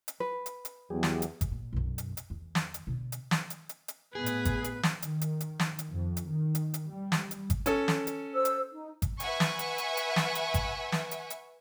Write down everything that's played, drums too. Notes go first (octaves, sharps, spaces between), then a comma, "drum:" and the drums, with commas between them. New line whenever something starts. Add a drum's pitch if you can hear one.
drum: hi-hat
B4
drum: hi-hat
drum: hi-hat
E2 F#3 G4 G#4
drum: snare
drum: hi-hat
drum: kick G#1, hi-hat
A#2
B1 F#2
drum: hi-hat
drum: hi-hat
E2
drum: snare
drum: hi-hat
B2 D3
drum: hi-hat
drum: snare
drum: hi-hat
drum: hi-hat
drum: hi-hat
A2 B3 G#4 B4
drum: hi-hat
drum: kick G#1, hi-hat
drum: hi-hat
drum: snare
D#3, drum: hi-hat
drum: hi-hat
drum: hi-hat
drum: snare
drum: hi-hat
F2
drum: hi-hat
D#3
drum: hi-hat
drum: hi-hat
G3
drum: snare
drum: hi-hat
drum: kick G#1, hi-hat
C#4 A4, drum: hi-hat
drum: snare
drum: hi-hat
C5 E6
drum: hi-hat
D#4
drum: kick G#1, hi-hat
B4 E5 F#5 G#5 C#6, drum: hi-hat
drum: snare
drum: hi-hat
drum: hi-hat
drum: hi-hat
drum: snare
drum: hi-hat
drum: kick G#1, hi-hat
drum: snare
drum: hi-hat
drum: hi-hat